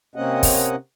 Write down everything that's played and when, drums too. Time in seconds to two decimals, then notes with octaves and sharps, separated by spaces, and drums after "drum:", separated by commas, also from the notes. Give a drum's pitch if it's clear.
0.16 C3 A#3 C4 C#4 D#5 F#5
0.43 drum: kick, open hi-hat